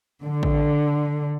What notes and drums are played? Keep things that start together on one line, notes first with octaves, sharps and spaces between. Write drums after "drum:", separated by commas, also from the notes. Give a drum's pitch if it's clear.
D3
drum: kick